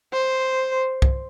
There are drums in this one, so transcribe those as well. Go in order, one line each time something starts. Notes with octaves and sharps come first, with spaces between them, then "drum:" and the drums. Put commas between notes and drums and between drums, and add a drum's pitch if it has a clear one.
C5
drum: kick